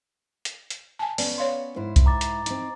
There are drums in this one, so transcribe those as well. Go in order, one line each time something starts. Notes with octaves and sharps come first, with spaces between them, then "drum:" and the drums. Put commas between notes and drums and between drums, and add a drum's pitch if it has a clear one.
drum: hi-hat
drum: hi-hat
G#5 A5
B3 C#4 D5, drum: open hi-hat
C#5 F5 C6
G#2 E4 C5
drum: kick C2, hi-hat
A#5 D6 A6
drum: hi-hat
C4 D#4, drum: hi-hat